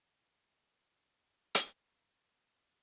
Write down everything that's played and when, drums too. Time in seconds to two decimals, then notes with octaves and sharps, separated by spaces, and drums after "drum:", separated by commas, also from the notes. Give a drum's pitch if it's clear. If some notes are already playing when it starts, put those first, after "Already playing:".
0.23 G3 B4 E5 G5 C#6 D6
1.55 drum: hi-hat
2.08 E4 G4 A4 C#5